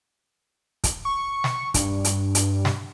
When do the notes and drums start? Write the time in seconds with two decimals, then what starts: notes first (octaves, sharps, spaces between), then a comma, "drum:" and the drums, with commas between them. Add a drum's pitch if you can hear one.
0.84 drum: kick, hi-hat
1.05 C#6
1.44 drum: snare
1.74 G2, drum: kick, hi-hat
2.05 drum: hi-hat
2.35 drum: hi-hat
2.65 drum: snare